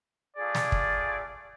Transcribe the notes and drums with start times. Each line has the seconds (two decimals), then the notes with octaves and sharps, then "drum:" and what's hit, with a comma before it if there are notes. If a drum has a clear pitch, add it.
0.37 A3 F4 G#4 D5
0.55 drum: snare
0.72 drum: kick